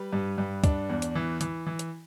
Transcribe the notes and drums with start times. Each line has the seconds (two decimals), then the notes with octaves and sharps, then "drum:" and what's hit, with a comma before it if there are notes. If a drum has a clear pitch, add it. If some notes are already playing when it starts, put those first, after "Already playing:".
Already playing: G3 B4
0.13 G2
0.38 G2
0.64 D4, drum: kick, hi-hat
0.89 E2
1.02 drum: hi-hat
1.15 E3
1.41 E3, drum: hi-hat
1.66 E3
1.79 drum: hi-hat